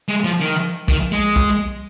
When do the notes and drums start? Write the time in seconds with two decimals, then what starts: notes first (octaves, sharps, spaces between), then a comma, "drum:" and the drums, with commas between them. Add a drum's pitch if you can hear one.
0.08 G#3
0.24 F3
0.40 D#3
0.88 D#3, drum: kick B1
1.12 G#3
1.36 drum: kick B1